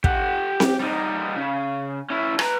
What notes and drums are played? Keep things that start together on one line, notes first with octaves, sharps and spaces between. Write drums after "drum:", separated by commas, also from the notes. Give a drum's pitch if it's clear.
G4 F#5, drum: kick
drum: snare C4
G3 D#4
C#3
C#4 E4
B4 A#5, drum: rim click